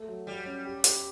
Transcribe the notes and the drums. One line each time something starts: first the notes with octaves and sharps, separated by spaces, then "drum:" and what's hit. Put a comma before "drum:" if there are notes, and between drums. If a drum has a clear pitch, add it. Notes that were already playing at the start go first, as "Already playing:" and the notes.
Already playing: A3
F#3
F#3 G3
C#4
G4
G4, drum: hi-hat